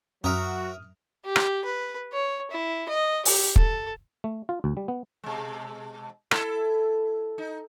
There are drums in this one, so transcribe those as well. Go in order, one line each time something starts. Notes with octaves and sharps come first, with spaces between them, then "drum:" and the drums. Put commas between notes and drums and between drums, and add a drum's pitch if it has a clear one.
F#2 F#3 F#4 A#4 E5 D#6 F6
G4
drum: rim click
B4
C#5
E4
D#5
G4, drum: open hi-hat
A4, drum: kick
A3
F4
D2
G3
B3
B2 G#3
E4 A4, drum: rim click
D#4